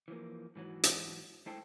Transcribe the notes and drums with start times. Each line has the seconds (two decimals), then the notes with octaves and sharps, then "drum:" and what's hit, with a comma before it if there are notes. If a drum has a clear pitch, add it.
0.08 E3 F3 A#3
0.56 G#2 E3 F#3
0.83 drum: hi-hat
1.46 G#3 A3 E4 C5 G5 A5